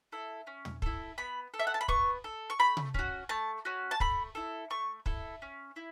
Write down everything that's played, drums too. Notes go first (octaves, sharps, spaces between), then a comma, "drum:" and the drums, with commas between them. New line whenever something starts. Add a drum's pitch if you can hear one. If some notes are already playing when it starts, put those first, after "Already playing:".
E4 A4
C#4
drum: tom
E4 A4, drum: kick
B3 B5
A4
E5
F#5
A5
B5
B3 C#6, drum: kick
A4
C#6
A3 B5
drum: tom C3
C#4 F#4, drum: kick
A3 A5
C#4 F#4
A5
A3 B5, drum: kick
E4 A4
A3 C#6
E4 A4, drum: kick
C#4
E4